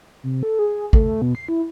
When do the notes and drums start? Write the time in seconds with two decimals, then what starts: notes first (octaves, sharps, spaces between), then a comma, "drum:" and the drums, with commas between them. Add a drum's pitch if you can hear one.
0.23 C3
0.43 A4
0.59 G#4
0.93 A3, drum: kick
1.22 B2
1.35 C7
1.48 E4